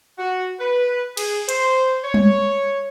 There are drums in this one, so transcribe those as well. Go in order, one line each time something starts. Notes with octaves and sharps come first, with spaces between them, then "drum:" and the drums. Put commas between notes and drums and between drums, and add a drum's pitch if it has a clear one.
F#4
B4
G#4, drum: cymbal
C5, drum: hi-hat
C#5
drum: tom G3